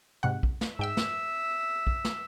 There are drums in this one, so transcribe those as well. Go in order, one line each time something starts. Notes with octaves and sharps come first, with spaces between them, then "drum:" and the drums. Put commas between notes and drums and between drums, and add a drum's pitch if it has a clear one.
G#2 C3 F#5
drum: kick
drum: snare
G#2 E5 G5 E6
drum: snare
drum: kick
drum: snare